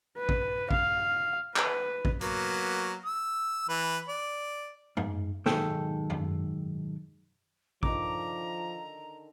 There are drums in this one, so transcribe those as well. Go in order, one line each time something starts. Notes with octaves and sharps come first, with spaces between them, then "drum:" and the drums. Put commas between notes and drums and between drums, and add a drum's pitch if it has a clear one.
B4
drum: kick
F5, drum: kick
B4, drum: clap
drum: kick
F#3 A#3 B3, drum: hi-hat
E6
E3 B4
D5
G#2, drum: tom F#2
B1 G#2 D#3 G#3 A4 G5, drum: snare
drum: tom F#2
D3 D#3 F3 A#5 D6, drum: kick